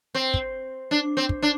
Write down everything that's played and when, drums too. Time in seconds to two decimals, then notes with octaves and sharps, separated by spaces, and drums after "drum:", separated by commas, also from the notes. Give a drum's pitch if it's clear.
0.15 C4
0.34 drum: kick
0.91 D4
1.17 C4
1.29 drum: kick
1.42 D4